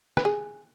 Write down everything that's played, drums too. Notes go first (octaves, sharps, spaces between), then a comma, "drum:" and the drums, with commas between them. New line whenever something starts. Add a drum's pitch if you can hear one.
B4, drum: rim click
G#4